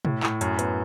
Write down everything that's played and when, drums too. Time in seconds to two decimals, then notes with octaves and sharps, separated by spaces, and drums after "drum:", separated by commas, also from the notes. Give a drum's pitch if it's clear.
0.05 A2, drum: tom B2
0.23 A2, drum: clap
0.41 F#2, drum: hi-hat
0.59 B3, drum: hi-hat